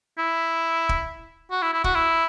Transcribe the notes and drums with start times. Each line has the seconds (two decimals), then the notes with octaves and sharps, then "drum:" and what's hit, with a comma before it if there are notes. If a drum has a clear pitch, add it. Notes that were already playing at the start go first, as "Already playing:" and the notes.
0.18 E4
0.89 drum: kick
1.51 F#4
1.62 E4
1.74 E4
1.84 F#4, drum: kick
1.95 E4